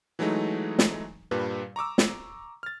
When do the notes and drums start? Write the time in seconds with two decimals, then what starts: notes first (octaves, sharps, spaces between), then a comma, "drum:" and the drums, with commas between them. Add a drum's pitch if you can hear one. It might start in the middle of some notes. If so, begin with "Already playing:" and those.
0.19 E3 F#3 G#3 A3 D#4
0.79 drum: snare
1.31 G2 A#2 G3 B4
1.76 A#5 C#6 D6 E6
1.98 drum: snare
2.63 F6 A6